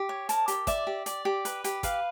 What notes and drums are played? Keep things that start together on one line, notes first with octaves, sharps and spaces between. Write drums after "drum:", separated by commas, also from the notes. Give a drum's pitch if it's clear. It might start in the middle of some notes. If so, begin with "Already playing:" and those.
Already playing: G4
C#5
A#4 A5, drum: hi-hat
G4, drum: hi-hat
D5 E5, drum: kick, hi-hat
G4
D5, drum: hi-hat
G4
B4, drum: hi-hat
G4, drum: hi-hat
B4 F5, drum: kick, hi-hat